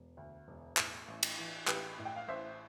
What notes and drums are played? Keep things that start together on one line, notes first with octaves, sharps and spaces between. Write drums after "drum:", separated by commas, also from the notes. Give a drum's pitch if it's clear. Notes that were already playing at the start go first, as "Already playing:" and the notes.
Already playing: E1
D2
E1
A2, drum: clap
A1
drum: cymbal
E3
A1 G4 B4, drum: clap
A2
G5
F5
A1 C5 E5